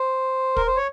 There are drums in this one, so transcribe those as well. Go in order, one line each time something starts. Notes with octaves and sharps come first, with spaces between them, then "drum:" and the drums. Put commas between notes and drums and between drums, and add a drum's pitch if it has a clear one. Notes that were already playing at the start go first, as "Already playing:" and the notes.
Already playing: C5
A#4, drum: kick
C5
C#5